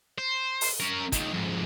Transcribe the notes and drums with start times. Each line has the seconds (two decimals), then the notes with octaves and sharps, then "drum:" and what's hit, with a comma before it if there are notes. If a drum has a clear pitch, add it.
0.18 C5
0.61 drum: open hi-hat
0.80 C#4 A#4
1.12 C#2 D#3, drum: kick, hi-hat
1.33 F2 G#2